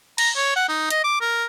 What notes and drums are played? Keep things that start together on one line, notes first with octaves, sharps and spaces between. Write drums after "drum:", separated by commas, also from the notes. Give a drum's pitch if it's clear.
A#5, drum: cymbal
C#5
F#5
D#4
D#5, drum: hi-hat
D6
A#4